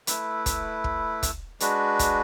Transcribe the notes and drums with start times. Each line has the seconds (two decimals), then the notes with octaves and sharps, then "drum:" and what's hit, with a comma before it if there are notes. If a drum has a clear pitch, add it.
0.07 A3 E4 B4, drum: hi-hat
0.46 drum: kick, hi-hat
0.84 drum: kick
1.23 drum: kick, hi-hat
1.60 G#3 D4 F#4 B4, drum: hi-hat
1.99 drum: kick, hi-hat